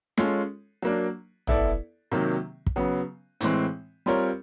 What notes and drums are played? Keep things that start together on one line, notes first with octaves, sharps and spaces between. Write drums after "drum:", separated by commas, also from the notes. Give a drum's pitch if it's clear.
G#3 C#4 F4 A4 C#5, drum: snare
F#3 A#3 D4
B3 E4 A4 D5, drum: tom
C3 D#3 F#3 A#3
drum: kick
C#3 F#3 B3
A2 E3 G#3 C4, drum: hi-hat
G3 C4 F4 A#4 C#5